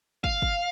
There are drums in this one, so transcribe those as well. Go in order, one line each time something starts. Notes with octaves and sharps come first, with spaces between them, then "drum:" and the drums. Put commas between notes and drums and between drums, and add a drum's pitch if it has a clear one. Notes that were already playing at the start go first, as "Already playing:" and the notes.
F5, drum: kick
drum: kick